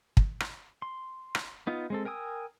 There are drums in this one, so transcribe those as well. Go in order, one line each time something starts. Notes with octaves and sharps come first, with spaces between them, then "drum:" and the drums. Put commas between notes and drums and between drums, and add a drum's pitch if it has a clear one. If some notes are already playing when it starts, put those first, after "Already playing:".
drum: kick
drum: rim click
C6
drum: rim click
B3 D#4 F4
G#3 C4 A4
A#4 G5 G#5 D#6 E6